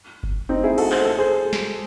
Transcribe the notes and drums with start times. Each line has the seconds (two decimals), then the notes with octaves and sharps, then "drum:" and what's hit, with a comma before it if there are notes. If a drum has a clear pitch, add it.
0.23 drum: kick F#1
0.49 C4 D#4
0.64 E4 G#4
0.78 F#4 A4, drum: cymbal
0.92 C5, drum: clap
1.05 A4
1.18 G#4 C5
1.53 drum: snare